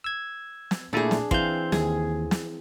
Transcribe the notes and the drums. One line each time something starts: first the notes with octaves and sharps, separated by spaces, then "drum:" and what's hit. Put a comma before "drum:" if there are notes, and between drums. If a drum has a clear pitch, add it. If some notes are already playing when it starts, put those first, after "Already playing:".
E6 G#6
drum: snare
A#2 A3 D4 E4 G#4
drum: snare
E3 C4 F5 C6 G6, drum: kick
D#2 G#4, drum: snare
drum: snare